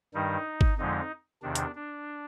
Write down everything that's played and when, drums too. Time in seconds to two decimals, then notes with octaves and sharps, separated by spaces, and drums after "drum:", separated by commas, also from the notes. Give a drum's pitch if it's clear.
0.14 G2 D#3 G3 D#4
0.61 drum: kick G1
0.78 F2 D3 F3 G#3 D#4
1.42 E2 C3 D#3 D4
1.55 drum: hi-hat
1.75 D4